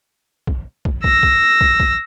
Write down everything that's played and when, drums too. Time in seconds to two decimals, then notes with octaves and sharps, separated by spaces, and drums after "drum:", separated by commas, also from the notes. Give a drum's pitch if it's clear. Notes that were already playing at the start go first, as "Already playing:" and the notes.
0.47 drum: kick
0.85 drum: kick
1.04 E6 A#6, drum: kick
1.23 drum: kick
1.61 drum: kick
1.80 drum: kick